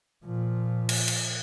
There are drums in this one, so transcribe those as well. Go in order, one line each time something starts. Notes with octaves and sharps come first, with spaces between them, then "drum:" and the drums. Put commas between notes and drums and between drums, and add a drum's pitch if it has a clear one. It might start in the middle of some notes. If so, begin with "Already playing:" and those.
A#2 F3
drum: cymbal
drum: cymbal